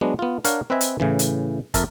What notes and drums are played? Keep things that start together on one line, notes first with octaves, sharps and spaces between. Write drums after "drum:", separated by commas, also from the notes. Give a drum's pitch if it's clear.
F#3 G#3 B3 D4
B3 F4
D4 A#4 C#5 F5 F#5, drum: hi-hat
C4 B4 D#5 E5 G#5
drum: hi-hat
A2 C#3 E3
drum: hi-hat
F2 A#4 E5 A5, drum: kick, hi-hat